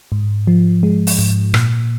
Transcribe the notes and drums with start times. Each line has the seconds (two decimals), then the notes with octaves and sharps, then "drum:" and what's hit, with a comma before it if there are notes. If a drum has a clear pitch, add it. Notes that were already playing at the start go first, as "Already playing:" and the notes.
0.12 G#2
0.47 F3
0.83 G#3
1.07 drum: open hi-hat
1.19 G#2
1.54 A#2, drum: rim click